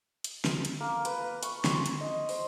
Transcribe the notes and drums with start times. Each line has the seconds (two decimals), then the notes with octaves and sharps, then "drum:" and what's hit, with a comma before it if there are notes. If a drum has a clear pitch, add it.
0.24 drum: hi-hat
0.45 drum: snare
0.65 drum: hi-hat
0.80 A#3
1.05 B4, drum: hi-hat
1.20 A#4
1.43 C#6, drum: hi-hat
1.64 C6, drum: snare
1.86 drum: hi-hat
2.01 D#5
2.29 C5, drum: open hi-hat